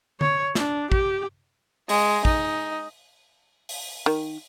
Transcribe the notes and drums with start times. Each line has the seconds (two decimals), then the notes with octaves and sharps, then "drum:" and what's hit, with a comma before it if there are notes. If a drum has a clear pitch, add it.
0.21 C#5, drum: tom D3
0.55 D4, drum: snare
0.92 G4, drum: kick
1.89 G#3, drum: open hi-hat
2.25 D#4, drum: kick
3.69 drum: open hi-hat
4.06 D#3